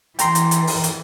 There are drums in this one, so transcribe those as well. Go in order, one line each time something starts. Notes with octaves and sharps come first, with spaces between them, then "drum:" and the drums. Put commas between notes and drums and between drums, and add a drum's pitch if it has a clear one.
E3 G5 A#5 C6, drum: hi-hat
drum: hi-hat
drum: hi-hat
drum: open hi-hat
drum: hi-hat